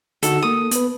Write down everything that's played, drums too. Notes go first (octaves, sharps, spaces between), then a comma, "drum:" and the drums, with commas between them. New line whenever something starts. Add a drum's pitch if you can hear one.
D3 D#4 F#4 A4, drum: hi-hat
A#3 A4 D#6
B3 B4, drum: hi-hat